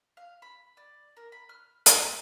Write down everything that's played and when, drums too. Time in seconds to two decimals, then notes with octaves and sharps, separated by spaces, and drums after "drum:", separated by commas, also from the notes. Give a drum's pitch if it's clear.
0.17 F5
0.42 B5
0.77 D5
1.17 A#4
1.32 B5
1.49 F6
1.86 G#5, drum: hi-hat